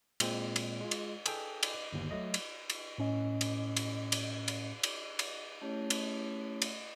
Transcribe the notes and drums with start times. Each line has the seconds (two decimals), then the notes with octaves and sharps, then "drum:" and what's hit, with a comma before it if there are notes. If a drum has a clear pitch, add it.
0.20 A#2 G#3 C4, drum: cymbal
0.56 drum: cymbal
0.81 G#3 F4
0.91 drum: cymbal
1.26 G#4 A4 G5, drum: cymbal
1.63 drum: cymbal
1.93 G1 D#2
2.11 F#3 A3 D#5
2.34 drum: cymbal
2.70 drum: cymbal
2.98 A2 C#4 D#5
3.41 drum: cymbal
3.77 drum: cymbal
4.12 drum: cymbal
4.48 drum: cymbal
4.83 drum: cymbal
5.19 drum: cymbal
5.62 A3 C#4 E4 G4 C#5
5.90 drum: cymbal
6.62 drum: cymbal